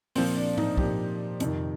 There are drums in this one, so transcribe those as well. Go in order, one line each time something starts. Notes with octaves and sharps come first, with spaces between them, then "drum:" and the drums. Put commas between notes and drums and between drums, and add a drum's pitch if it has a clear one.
A#2 F3 C4, drum: open hi-hat
D4
D#4, drum: tom G#2
A#2 F3 G4, drum: kick
F2 C3 D#3, drum: hi-hat